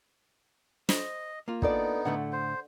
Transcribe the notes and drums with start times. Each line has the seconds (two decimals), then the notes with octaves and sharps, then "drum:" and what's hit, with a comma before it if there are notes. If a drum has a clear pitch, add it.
0.89 C5 D#5, drum: snare
1.48 A#3 F4
1.62 B3 D4 D#4 A4 D5, drum: kick
2.05 A2 D3 A3 F#5
2.32 C5